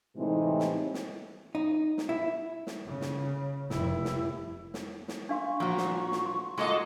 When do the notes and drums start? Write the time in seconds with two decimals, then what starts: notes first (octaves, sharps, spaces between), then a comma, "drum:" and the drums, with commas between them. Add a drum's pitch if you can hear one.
0.16 A2 C3 E3 G#3 C4 D#4
0.60 drum: snare
0.94 drum: snare
1.55 D#4
1.98 drum: snare
2.09 E4
2.67 drum: snare
2.86 C#3
3.01 drum: snare
3.70 F1 E4, drum: snare
4.05 drum: snare
4.74 drum: snare
5.08 drum: snare
5.29 D4 F5 C6 C#6
5.60 A#2 F3 F#4
5.77 drum: snare
6.12 drum: snare
6.26 C6
6.58 G#3 A#3 F4 F#4 A4 D#5